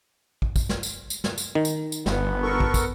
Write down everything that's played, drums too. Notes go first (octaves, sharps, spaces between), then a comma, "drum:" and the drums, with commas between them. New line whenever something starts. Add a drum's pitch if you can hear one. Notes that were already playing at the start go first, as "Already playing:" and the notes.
drum: kick
drum: kick, tambourine
drum: snare
drum: tambourine
drum: tambourine
drum: snare
drum: tambourine
D#3
drum: tambourine
drum: tambourine
G1 B3, drum: snare
A4 A#4 C#6
drum: kick
drum: kick, tambourine